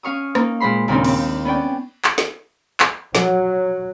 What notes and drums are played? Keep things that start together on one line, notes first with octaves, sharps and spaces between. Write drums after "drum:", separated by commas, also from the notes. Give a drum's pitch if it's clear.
C#4 F5 C#6 D#6
A#3 D#4, drum: rim click
A#2 G#3 C5 B5 C6
D#2 A#2 C#3 C4 D4 D#4
C4, drum: cymbal
B3 C#4 D5 G5
drum: clap
drum: snare
drum: clap
F#3, drum: snare